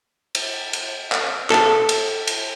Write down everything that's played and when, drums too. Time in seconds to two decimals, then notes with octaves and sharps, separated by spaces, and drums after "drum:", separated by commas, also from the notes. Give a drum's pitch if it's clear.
0.35 drum: cymbal
0.73 drum: cymbal
1.12 drum: clap
1.50 A4, drum: clap
1.89 drum: cymbal
2.27 drum: cymbal